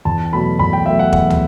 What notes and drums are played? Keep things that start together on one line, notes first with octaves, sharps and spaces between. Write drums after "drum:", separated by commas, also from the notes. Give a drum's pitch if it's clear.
E2 A5
B2 F#3 A3 B5
E2 B5
G5
B2 F#3 A3 E5
F#5
E2 F#5, drum: kick E1
drum: tom